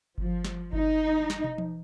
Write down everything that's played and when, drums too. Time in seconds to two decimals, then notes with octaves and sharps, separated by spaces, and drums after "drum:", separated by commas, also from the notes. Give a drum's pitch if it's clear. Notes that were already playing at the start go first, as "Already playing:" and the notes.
0.18 F3, drum: kick G1
0.45 drum: snare
0.73 D#4, drum: kick G1
1.30 drum: snare
1.44 drum: tom
1.58 drum: tom E3